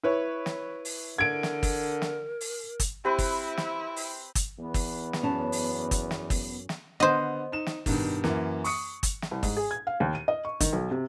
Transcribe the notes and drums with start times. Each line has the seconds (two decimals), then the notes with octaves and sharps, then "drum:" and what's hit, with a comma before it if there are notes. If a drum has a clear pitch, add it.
0.03 E4 B4 C#5
0.46 drum: snare
0.85 drum: open hi-hat
1.18 D3 A#4 G#6 D7
1.43 drum: snare
1.63 drum: kick, open hi-hat
2.02 drum: snare
2.41 drum: open hi-hat
2.80 drum: kick, hi-hat
3.05 C4 E4 G4 B4 B5
3.18 drum: kick, open hi-hat
3.57 drum: snare
3.96 drum: open hi-hat
4.35 drum: kick, hi-hat
4.59 E2 B3
4.74 drum: kick, open hi-hat
5.13 drum: snare
5.22 F#2 C#4 A5
5.52 drum: open hi-hat
5.91 drum: kick, hi-hat
6.11 drum: snare
6.30 drum: kick, open hi-hat
6.69 drum: snare
7.00 D3 B3 C5 D#5
7.52 D#4 E7
7.66 drum: snare
7.86 G2 B2 D#3, drum: kick, open hi-hat
8.24 F#2 E3 A#3, drum: snare
8.64 C#6 D#6 C#7, drum: open hi-hat
9.03 drum: kick, hi-hat
9.22 drum: snare
9.31 C2
9.43 G#2, drum: kick, open hi-hat
9.57 G#4
9.71 G#6
9.87 F5
10.00 D#2
10.15 D#7
10.28 D#5
10.45 C#6
10.60 D#3, drum: kick, hi-hat
10.73 B1
10.91 C3